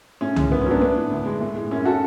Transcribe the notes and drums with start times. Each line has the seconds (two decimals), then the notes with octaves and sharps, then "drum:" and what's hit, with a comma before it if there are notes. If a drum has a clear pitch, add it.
0.21 A2 C#4
0.36 G#3, drum: tom C2
0.51 G#2 B3
0.61 C#4
0.66 F#3 B3 D4
0.81 A2 B3 D4
0.96 A2
1.11 D2
1.26 G#3
1.41 A2
1.56 G#3
1.71 F#2 C#4
1.85 F#4 A4